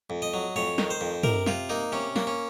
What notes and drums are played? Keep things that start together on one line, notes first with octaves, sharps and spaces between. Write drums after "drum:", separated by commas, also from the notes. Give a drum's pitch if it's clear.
F2
D#5
F#3
F2 C#5
D#3, drum: snare
C5
F2
C3 A#4, drum: tom
C3 F4, drum: snare
A#3 D#4
C3 C#4
A#3, drum: snare
C#4